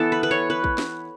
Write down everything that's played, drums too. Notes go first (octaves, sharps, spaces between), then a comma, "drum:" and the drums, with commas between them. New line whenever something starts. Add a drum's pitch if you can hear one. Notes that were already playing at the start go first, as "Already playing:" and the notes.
Already playing: E3 B3 A4
B4
B4
C#5
B4
drum: kick
drum: snare